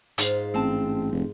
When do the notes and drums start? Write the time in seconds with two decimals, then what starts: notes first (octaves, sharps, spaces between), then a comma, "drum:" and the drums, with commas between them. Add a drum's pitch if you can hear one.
0.18 G#2 F4 F5, drum: hi-hat
0.54 A1 C4 A5
1.12 F1